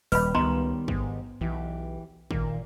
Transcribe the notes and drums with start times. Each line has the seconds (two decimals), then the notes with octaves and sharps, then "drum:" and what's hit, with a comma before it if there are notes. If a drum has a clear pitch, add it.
0.12 D#1 G3 B4 B5, drum: open hi-hat
0.35 C#2 D#3 G3 B3 A#5 C6
0.88 G#2, drum: kick
1.41 B1 E3 E4 G4
2.31 A#2 D#3 A#4 F5, drum: kick